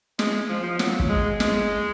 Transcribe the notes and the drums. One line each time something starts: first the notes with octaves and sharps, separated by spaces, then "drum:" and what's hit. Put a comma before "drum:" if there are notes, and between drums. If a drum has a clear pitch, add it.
G#3, drum: snare
F3
F3
F#3, drum: snare
drum: kick
G#3
G#3, drum: snare